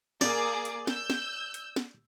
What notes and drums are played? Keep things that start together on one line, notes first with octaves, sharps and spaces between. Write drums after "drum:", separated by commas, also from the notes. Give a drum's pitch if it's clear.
A#3 G#4 D5 D6, drum: snare
drum: hi-hat
E6 G6, drum: snare
drum: snare
drum: hi-hat
drum: snare